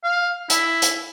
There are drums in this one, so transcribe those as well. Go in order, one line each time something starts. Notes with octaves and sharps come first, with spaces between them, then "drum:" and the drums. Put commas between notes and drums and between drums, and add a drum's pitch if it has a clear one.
F5
E4, drum: hi-hat
drum: hi-hat